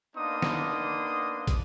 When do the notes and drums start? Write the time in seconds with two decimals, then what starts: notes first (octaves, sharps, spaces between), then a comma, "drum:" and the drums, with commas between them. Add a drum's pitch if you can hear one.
0.16 A#3 B3 D4 D#4 C6 D#6
0.42 drum: snare
1.47 drum: kick, hi-hat